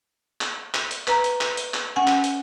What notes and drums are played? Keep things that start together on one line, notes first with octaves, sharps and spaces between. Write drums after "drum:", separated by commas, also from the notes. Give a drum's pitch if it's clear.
drum: clap
drum: clap
drum: hi-hat
B4 A#5, drum: clap
drum: hi-hat
drum: clap
drum: hi-hat
drum: clap
C#4 F#5 G#5
drum: clap
drum: hi-hat